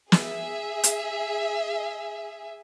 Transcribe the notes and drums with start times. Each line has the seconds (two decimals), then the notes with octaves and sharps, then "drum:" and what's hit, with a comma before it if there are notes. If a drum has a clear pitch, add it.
0.12 G#4 E5, drum: snare
0.84 drum: hi-hat